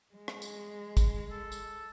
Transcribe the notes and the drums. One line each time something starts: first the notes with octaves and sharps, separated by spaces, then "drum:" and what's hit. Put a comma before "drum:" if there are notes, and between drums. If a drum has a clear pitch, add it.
G#3
drum: rim click
drum: tambourine
drum: kick, tambourine
A4
drum: tambourine